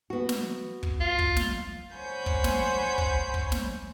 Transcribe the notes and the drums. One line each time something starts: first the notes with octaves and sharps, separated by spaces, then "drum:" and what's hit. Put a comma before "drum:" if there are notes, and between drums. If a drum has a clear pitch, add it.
B3 F#4
drum: snare
drum: kick
F4
drum: kick
drum: snare
C5 C#5 F#5 G#5 B5 G6
drum: kick
drum: snare
drum: kick
drum: kick
drum: snare